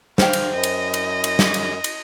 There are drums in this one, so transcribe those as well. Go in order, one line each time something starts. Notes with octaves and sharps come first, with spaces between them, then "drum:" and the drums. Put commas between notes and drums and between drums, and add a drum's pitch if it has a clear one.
C5 F5 G5, drum: snare
drum: cymbal
F#2 D#5
drum: cymbal
drum: cymbal
drum: cymbal
drum: snare
drum: cymbal
drum: cymbal